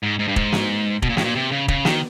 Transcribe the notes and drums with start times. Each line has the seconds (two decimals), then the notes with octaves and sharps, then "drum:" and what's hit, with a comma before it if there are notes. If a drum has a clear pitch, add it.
0.03 G#2
0.19 G#2
0.28 G2
0.36 G#2, drum: kick
0.52 drum: snare
1.02 B2, drum: kick
1.09 A#2
1.17 A2, drum: snare
1.24 A#2
1.35 C3
1.52 C#3
1.68 C#3, drum: kick
1.85 D#3, drum: snare